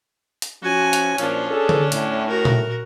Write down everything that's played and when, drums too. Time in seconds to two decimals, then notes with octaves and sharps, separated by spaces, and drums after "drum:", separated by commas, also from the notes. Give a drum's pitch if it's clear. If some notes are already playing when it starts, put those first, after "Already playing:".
0.42 drum: hi-hat
0.63 F3 C#4 F#4 G#5
0.93 drum: hi-hat
1.18 A#2 F3 C#4 D4, drum: hi-hat
1.51 G#4 A4
1.69 drum: tom D3
1.92 A2, drum: hi-hat
2.28 F#4 A#4
2.45 drum: tom A#2